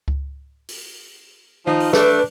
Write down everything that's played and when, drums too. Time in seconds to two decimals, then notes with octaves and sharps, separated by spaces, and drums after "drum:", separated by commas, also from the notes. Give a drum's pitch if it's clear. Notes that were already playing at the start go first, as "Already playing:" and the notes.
0.08 drum: kick C#2
0.69 drum: open hi-hat
1.67 F3 D#4, drum: tom D#3
1.80 drum: open hi-hat
1.93 A3 D4 B4, drum: snare